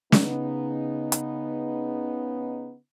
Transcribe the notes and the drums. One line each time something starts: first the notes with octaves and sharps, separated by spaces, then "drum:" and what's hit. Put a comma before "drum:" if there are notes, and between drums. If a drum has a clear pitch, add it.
C#3 B3 D#4, drum: snare
drum: hi-hat